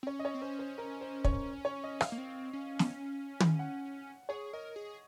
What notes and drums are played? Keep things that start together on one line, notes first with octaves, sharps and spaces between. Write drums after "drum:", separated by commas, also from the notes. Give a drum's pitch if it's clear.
C4
C#4 C#5
D#5
C#5
C4
C#4 C5
C5
A#4
C5
C#5, drum: kick
C#5
D#5
F5, drum: rim click
A#3
C4
C#4
drum: snare
drum: tom
F#5
G#4 C#5
A#4 D#5
G#4